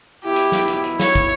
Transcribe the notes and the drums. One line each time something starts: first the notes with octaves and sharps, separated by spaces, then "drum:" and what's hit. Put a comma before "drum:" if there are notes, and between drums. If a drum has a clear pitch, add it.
B2 E4 G4
drum: hi-hat
drum: snare
drum: hi-hat
drum: hi-hat
C#5, drum: snare
drum: kick